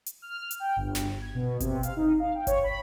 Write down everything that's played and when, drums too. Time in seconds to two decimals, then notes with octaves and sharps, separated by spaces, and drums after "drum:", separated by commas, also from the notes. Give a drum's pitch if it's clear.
0.06 drum: hi-hat
0.22 F6
0.51 drum: hi-hat
0.60 G5
0.76 G1
0.95 drum: snare
1.22 G#6
1.35 B2
1.60 C3, drum: kick G1, hi-hat
1.83 F5, drum: hi-hat
1.96 D#4
2.19 F5
2.35 G5
2.47 C#5, drum: kick G1, hi-hat
2.64 B5